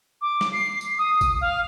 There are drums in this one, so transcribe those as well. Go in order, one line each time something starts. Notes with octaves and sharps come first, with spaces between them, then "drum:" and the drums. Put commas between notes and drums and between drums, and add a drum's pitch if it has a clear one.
D6
drum: snare
C7
drum: tambourine
D#6
drum: kick, tambourine
F5